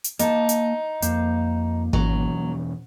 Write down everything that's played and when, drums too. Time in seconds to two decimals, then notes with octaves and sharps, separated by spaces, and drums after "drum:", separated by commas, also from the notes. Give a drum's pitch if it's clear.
0.04 drum: hi-hat
0.19 A#3 D#4 A5, drum: hi-hat
0.49 drum: hi-hat
1.02 F2 A#3 C5, drum: hi-hat
1.93 B2 E3 F#3 C#4, drum: kick G#1